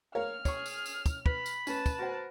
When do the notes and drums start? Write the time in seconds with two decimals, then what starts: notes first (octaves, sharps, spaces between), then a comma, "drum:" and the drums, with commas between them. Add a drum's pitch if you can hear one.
0.15 A#4 C#5 F5 F6
0.45 G#4 C#5 C#6, drum: kick, tambourine
0.66 drum: tambourine
0.86 drum: tambourine
1.06 drum: kick, tambourine
1.26 B4 B5, drum: kick
1.46 drum: tambourine
1.67 C#4 B4 A5, drum: tambourine
1.86 drum: kick, tambourine
1.99 F#4 A#4 C5 F#5